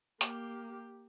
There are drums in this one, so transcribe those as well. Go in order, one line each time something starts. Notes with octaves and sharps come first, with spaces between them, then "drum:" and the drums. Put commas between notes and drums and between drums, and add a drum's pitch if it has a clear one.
A#3 G4, drum: hi-hat